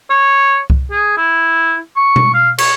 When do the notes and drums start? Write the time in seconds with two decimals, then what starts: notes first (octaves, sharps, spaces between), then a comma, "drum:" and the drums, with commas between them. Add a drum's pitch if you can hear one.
0.10 C#5
0.70 drum: kick C2
0.91 G#4
1.17 E4
1.97 C#6
2.16 drum: tom B2
2.34 F5
2.58 C#5, drum: cymbal